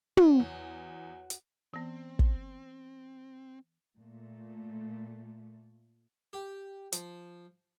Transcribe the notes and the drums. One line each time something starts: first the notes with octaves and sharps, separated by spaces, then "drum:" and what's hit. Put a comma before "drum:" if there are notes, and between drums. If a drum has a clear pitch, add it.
F#3, drum: tom
E2
drum: hi-hat
E3 B3 C4
drum: kick
A#2 A3
G4
F3, drum: hi-hat